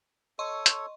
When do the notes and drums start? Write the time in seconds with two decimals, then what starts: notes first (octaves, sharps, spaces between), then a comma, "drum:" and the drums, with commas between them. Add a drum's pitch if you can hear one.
0.39 A4 C#5 D#5 C6 C#6
0.66 drum: hi-hat